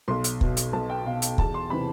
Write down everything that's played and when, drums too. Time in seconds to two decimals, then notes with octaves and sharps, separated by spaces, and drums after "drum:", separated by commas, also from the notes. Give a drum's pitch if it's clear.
0.08 B1 C6
0.24 drum: hi-hat
0.41 B2, drum: kick
0.57 drum: hi-hat
0.73 B1 A5
0.90 G5
1.05 B2 F5
1.22 drum: hi-hat
1.38 E2 A5, drum: kick
1.54 C6
1.70 C3 E3 B5